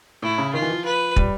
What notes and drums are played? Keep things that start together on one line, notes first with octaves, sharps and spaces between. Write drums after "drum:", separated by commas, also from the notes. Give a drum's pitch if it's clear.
A2 E4
C#3
D#3 F4
E3
F3
B4
G3, drum: kick